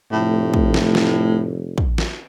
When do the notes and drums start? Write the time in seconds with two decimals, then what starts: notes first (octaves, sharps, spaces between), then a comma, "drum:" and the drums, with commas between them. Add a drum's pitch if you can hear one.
0.12 F1 A2
0.54 drum: kick
0.74 drum: snare
0.95 drum: snare
1.78 drum: kick
1.98 drum: snare